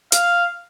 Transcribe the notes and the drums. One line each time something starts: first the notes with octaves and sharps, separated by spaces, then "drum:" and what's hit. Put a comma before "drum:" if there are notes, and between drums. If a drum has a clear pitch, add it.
F5, drum: hi-hat